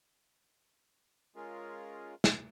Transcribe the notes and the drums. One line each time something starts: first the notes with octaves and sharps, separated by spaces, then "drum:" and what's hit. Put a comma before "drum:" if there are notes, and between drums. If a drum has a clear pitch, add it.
G#3 C#4 F4 G#4 A#4
drum: snare